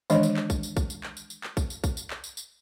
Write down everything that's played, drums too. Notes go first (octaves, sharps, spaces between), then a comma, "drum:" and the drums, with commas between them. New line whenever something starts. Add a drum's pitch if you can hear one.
D#3 E3 G#3 D4 C#5 D#5, drum: tambourine
drum: tambourine
drum: clap
drum: kick B1, tambourine
drum: tambourine
drum: kick B1, tambourine
drum: tambourine
drum: clap
drum: tambourine
drum: tambourine
drum: clap
drum: kick B1, tambourine
drum: tambourine
drum: kick B1, tambourine
drum: tambourine
drum: clap
drum: tambourine
drum: tambourine